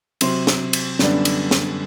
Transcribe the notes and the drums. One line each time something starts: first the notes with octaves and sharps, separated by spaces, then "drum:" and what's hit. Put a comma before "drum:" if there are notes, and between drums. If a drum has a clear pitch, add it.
C3 F#3 C4 C6, drum: cymbal
drum: snare
drum: cymbal
F#2 D3 G3 B3 D4, drum: snare
drum: cymbal
drum: snare